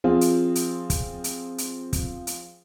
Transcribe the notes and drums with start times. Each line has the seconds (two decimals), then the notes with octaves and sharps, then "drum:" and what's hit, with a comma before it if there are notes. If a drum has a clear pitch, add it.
0.04 F3 C4 F4 G#4
0.21 drum: hi-hat
0.55 drum: hi-hat
0.90 drum: kick, hi-hat
1.24 drum: hi-hat
1.58 drum: hi-hat
1.93 drum: kick, hi-hat
2.27 drum: hi-hat